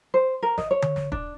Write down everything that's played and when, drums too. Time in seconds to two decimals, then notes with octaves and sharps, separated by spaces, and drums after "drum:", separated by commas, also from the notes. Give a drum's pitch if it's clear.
0.14 C5
0.43 A#4
0.58 D#5, drum: snare
0.71 C#5
0.82 drum: tom D3
0.96 drum: snare
1.12 D4, drum: kick